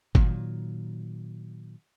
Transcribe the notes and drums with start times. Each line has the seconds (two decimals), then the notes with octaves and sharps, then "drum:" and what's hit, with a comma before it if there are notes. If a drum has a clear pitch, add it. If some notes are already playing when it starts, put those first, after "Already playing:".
0.15 A#2 D#3 F#3, drum: kick G1